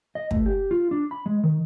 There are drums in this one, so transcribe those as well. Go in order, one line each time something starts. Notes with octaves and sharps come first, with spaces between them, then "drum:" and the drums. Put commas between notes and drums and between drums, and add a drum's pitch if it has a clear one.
D#5
A3, drum: kick
G4
F4
D4
B5
G#3
D#3